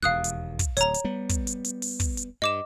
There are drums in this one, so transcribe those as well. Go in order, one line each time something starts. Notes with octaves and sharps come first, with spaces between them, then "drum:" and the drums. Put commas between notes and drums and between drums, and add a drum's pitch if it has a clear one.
E1 D#2 F5 D#6 F#6
drum: hi-hat
drum: kick, hi-hat
D1 C#5 A#5, drum: hi-hat
drum: hi-hat
G3 B3
drum: kick, hi-hat
drum: hi-hat
drum: hi-hat
drum: open hi-hat
drum: kick, hi-hat
drum: hi-hat
G2 D#5 D6 E7